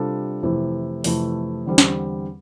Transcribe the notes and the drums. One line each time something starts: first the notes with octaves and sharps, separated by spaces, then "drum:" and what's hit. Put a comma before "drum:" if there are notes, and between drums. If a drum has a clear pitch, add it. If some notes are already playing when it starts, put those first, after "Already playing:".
Already playing: C3 G3 D4 F4 A4
F2 C3 E3 A3 E4
F2 C3 E3 A3 E4, drum: open hi-hat
E2 D3 G3 C4
drum: snare